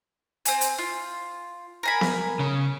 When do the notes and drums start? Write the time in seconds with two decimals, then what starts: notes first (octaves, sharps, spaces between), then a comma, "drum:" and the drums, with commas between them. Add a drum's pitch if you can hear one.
0.45 C4 G#5, drum: hi-hat
0.61 drum: hi-hat
0.78 F4
1.83 A#4 G#5 B5
2.01 drum: snare B3
2.39 C#3